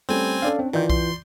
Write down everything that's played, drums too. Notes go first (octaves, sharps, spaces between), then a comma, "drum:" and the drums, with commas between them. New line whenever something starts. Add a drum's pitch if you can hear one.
G3 A3 C4 C#4 G#5
C#4 D4 A4 D5 F5
C4
D#3 E3 F4 D5 G6
C6, drum: kick B1